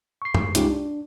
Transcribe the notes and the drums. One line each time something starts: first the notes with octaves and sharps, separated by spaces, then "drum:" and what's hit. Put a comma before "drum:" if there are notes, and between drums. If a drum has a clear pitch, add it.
C#6 C7
drum: tom F#2
C2 G#3 C#4 D#4 F4 G4, drum: hi-hat
D4